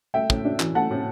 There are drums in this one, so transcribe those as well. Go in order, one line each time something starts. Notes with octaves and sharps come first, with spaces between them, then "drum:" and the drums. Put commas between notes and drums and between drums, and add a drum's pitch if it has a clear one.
A3 E5 G5
A2, drum: kick
D4
E3, drum: clap
A3 F#5 A5
A2